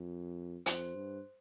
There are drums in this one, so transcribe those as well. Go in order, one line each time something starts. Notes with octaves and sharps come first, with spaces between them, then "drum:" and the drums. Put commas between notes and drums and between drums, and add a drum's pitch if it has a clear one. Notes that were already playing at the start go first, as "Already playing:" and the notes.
Already playing: F2
F2 C5, drum: hi-hat
G2